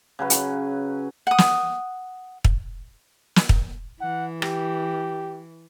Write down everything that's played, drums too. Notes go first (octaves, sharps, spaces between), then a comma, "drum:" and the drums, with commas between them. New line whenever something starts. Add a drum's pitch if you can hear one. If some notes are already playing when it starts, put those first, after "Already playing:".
C#3 F#3 B4
drum: hi-hat
F#5 D#6
drum: snare
drum: kick
drum: snare
drum: kick
E3 F#5
G4, drum: rim click